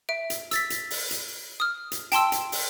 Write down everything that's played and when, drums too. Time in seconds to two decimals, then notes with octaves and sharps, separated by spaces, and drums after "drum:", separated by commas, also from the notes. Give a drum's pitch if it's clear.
0.09 E5 D7
0.30 drum: hi-hat
0.51 E6 A6 B6, drum: hi-hat
0.70 drum: hi-hat
0.90 drum: open hi-hat
1.11 drum: hi-hat
1.60 D#6 F6
1.92 drum: hi-hat
2.12 G5 A5 C6 E6, drum: hi-hat
2.32 drum: hi-hat
2.52 drum: open hi-hat